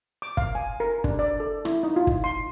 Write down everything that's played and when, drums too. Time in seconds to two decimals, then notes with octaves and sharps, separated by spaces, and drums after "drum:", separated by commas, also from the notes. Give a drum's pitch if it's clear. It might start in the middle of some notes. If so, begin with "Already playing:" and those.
0.22 D6
0.37 F5, drum: kick
0.55 G#5
0.80 A#4
1.04 D4, drum: kick
1.19 D5
1.40 A4
1.65 E4, drum: rim click
1.83 D#4
1.96 F4
2.07 drum: kick
2.24 C6